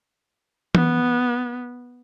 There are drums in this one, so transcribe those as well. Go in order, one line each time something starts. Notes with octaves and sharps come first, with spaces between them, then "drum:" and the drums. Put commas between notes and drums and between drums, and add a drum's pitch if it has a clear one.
B3, drum: tom E3